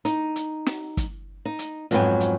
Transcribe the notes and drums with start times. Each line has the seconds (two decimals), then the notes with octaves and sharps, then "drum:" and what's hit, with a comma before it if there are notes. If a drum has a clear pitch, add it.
0.05 D#4, drum: hi-hat
0.36 drum: hi-hat
0.66 drum: snare
0.97 drum: kick, hi-hat
1.45 D#4
1.59 drum: hi-hat
1.91 F2 G#2 F#3 B3 G5 G#5, drum: hi-hat
2.20 drum: hi-hat